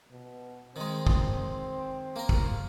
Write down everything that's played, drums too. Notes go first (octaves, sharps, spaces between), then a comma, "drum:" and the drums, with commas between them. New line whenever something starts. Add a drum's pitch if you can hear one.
B2
D#3 G#3 C4
drum: kick
A#3 A#4
drum: kick